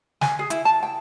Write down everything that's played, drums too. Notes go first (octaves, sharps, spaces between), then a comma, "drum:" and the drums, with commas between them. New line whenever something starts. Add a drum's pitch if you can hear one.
G#5, drum: snare
G#4
E4, drum: hi-hat
A5
G5